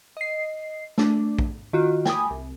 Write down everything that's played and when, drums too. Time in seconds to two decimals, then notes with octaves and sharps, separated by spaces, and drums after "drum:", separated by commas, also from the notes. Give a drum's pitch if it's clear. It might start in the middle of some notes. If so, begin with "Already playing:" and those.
0.17 D#5 C7
0.98 A3 D4, drum: snare
1.39 drum: kick A#1
1.73 D#3 F4 F#4
2.05 G5 G#5 B5 D6 D#6, drum: snare
2.31 C2